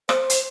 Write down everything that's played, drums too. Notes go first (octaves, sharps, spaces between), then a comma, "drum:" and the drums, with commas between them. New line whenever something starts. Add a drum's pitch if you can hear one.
C5, drum: rim click
drum: hi-hat